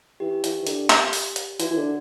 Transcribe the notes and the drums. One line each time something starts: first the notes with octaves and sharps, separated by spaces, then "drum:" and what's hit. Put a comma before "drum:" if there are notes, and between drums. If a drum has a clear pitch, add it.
E3 G4
E3, drum: hi-hat
E3
D3, drum: hi-hat
drum: clap
drum: open hi-hat
drum: hi-hat
E3 F#4, drum: hi-hat
E3
D3